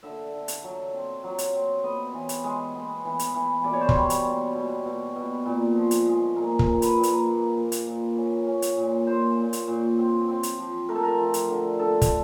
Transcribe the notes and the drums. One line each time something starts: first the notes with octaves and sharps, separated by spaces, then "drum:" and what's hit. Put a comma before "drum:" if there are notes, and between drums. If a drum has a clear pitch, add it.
D3 E5
D3
drum: hi-hat
F#3
C4
F#3
drum: hi-hat
C4
B3 D#5
E3
drum: hi-hat
G#3
B3
E3
drum: hi-hat
E3
B2 D5
C#5
C5
C#5, drum: kick
G3
drum: hi-hat
B2
B2
B2
B2
A#2
F3
drum: hi-hat
G#3
A#2 A#4
A#4, drum: kick
A#2
B4, drum: hi-hat
A#2
A#4, drum: hi-hat
A#3
A#2
drum: hi-hat
A#2
C#4
C#4
drum: hi-hat
A#2
A#2 C5
A#2
drum: hi-hat
A#2
C4
C4
drum: hi-hat
F3
A3 A#4
A4
A#4
F3
drum: hi-hat
D3
D3 A4
drum: kick, hi-hat